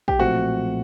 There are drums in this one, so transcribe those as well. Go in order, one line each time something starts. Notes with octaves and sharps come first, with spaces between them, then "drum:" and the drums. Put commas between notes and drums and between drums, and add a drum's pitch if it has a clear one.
G4, drum: kick A#1
B1 A#2 F3 A3 C4 F#4